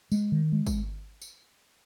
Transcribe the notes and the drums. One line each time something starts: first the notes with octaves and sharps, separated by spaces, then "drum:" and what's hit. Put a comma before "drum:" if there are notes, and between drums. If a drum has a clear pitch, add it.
G#3, drum: tambourine
D#3
G#3
drum: kick, tambourine
drum: tambourine